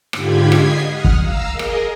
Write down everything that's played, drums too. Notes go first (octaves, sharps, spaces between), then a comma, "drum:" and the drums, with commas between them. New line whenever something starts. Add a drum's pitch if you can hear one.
G#2 D3 F4 G4 B5 G#6, drum: rim click
D#5 G#6 B6 C7, drum: rim click
F#5 D#6 F6
drum: kick
F5 A#5 E6
G#4 A#4 D#5
drum: rim click